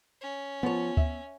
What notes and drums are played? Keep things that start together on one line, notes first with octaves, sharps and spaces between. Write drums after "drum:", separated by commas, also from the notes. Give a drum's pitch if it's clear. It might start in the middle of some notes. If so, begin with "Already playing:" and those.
C#4
F3 B3 C#5
E5, drum: kick D2